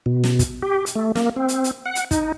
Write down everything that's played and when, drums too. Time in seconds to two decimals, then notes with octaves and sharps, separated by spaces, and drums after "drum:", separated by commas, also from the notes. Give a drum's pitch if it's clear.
0.06 B2
0.24 drum: snare
0.39 drum: kick, hi-hat
0.62 G4
0.86 drum: hi-hat
0.96 A3
1.15 A#3, drum: snare
1.36 C4
1.48 drum: hi-hat
1.64 drum: hi-hat
1.86 F#5
1.95 drum: hi-hat
2.11 D#4, drum: kick, hi-hat